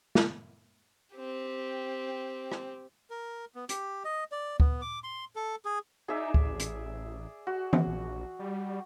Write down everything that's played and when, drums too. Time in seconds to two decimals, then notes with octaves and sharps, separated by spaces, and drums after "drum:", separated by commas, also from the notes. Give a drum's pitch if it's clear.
0.15 drum: snare
1.16 C4 G4
2.52 drum: rim click
3.10 A#4
3.55 B3
3.69 G4, drum: hi-hat
4.05 D#5
4.32 D5
4.60 B3, drum: kick D2
4.82 D6
5.04 C6
5.36 A4
5.65 G#4
6.08 D#4 G#4 D5 E5
6.34 A1, drum: kick D2
6.60 drum: hi-hat
7.47 F#4
7.73 drum: tom E3
7.87 A#1
8.39 G3